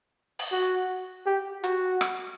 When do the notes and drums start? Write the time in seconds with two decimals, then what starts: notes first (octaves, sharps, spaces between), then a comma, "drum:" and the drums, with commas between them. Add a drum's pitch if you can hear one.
0.39 drum: open hi-hat
0.52 F#4
1.26 G4
1.64 F#4, drum: hi-hat
2.01 drum: rim click